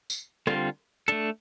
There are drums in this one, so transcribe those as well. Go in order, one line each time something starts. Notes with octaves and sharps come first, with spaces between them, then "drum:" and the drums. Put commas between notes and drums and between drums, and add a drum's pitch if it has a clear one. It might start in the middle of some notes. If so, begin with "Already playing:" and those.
drum: tambourine
D3 G3 C4 F4, drum: rim click
A3 D4 A4